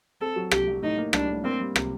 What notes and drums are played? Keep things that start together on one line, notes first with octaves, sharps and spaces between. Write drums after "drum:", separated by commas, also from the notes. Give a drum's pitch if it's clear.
C4 A4
F#3
C3 G4, drum: rim click
C2
A2 D#4
A#3
G3 D4, drum: rim click
A2
A#3 C4
G3
C3, drum: rim click